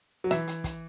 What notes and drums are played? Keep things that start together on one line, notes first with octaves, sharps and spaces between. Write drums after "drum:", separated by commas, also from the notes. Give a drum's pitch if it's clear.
F#3
E3 E5, drum: hi-hat
drum: hi-hat
drum: kick, hi-hat